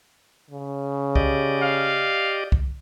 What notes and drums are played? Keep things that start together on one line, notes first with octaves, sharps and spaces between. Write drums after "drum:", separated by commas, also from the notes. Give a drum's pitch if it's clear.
C#3
G4 D5 D#5, drum: kick C2
F5
drum: kick C2